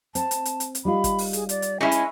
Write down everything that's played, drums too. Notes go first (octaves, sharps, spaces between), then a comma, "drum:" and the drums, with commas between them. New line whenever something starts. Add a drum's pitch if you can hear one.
C4 A5, drum: hi-hat
drum: hi-hat
drum: hi-hat
drum: hi-hat
drum: hi-hat
G3 D#4 F4 B5
drum: kick, hi-hat
drum: open hi-hat
G#4, drum: hi-hat
D5, drum: hi-hat
drum: hi-hat
G#3 C#4 E4 G#5
drum: hi-hat